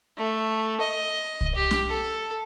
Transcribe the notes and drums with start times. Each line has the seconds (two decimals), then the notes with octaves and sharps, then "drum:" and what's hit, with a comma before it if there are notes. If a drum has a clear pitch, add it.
0.18 A3
0.81 D#5
1.41 drum: kick C2
1.55 G4
1.71 drum: snare
1.89 A4